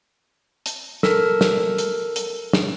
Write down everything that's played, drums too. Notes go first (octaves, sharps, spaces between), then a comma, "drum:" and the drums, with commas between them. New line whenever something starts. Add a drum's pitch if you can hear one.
drum: hi-hat
A4 A#4, drum: snare
drum: snare
drum: hi-hat
drum: hi-hat
drum: snare